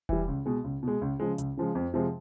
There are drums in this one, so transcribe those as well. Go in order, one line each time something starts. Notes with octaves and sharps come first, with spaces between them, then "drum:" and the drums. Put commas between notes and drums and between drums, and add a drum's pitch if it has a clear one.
E3 G3, drum: kick E1
C#2
B2 G#3
C#2
B2 G#3
C#2
C#3 F3 G#3
C#2, drum: hi-hat
C#3 F3 G#3
F2
C3 F3 G#3